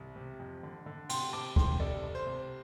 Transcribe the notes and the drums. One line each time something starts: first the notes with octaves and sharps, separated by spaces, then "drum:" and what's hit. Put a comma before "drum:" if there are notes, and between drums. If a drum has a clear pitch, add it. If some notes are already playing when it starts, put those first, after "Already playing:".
Already playing: C2
C3
F2
D3
D3
C3 G5 C6, drum: cymbal
C3 A5 D6
C3 G5 C6, drum: kick
C2 A4 D5
C2
C5
C3